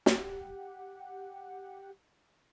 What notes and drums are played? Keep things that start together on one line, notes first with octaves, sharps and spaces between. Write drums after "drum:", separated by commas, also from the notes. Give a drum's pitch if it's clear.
G4 F#5, drum: snare